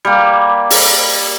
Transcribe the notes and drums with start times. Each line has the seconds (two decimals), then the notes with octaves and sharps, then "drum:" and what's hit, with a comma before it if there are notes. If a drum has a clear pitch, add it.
0.05 G3 A#3
0.70 drum: open hi-hat